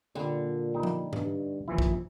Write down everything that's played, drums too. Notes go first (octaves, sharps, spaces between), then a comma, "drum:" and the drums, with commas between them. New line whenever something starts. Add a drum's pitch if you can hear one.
A#2 D3 G3
G3 D#4
drum: tom F3
G2, drum: tom G#2
D#2 E3 F3 E4
drum: kick